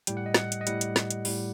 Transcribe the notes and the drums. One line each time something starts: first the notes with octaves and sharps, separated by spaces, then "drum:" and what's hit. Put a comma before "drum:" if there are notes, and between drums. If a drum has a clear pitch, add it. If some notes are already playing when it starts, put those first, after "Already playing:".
A2 G3 G5, drum: hi-hat
F#5
D#5
F#5, drum: snare
drum: hi-hat
D#5
A2 G3 F#5, drum: hi-hat
drum: hi-hat
drum: snare
drum: hi-hat
A2 G3, drum: open hi-hat